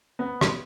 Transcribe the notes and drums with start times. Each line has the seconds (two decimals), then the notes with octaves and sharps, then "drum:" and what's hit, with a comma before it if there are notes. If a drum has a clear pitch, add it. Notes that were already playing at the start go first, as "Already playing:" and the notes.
0.19 B3
0.41 drum: rim click